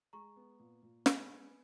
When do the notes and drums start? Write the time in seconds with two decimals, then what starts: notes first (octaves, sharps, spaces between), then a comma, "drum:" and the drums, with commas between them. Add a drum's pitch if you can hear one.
0.13 G#3 A#5 C#6
0.36 B3
0.60 A#2
0.83 A#2
1.06 G#3 G#5 B5, drum: snare
1.29 B3